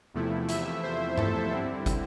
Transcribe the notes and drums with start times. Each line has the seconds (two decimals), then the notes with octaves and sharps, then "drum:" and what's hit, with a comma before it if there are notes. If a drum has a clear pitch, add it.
0.14 E2 C3 F3 A3 E4
0.49 E5, drum: hi-hat
0.83 C5
1.18 A4, drum: tom G2
1.52 D3 G3 C4 E4
1.86 drum: kick, hi-hat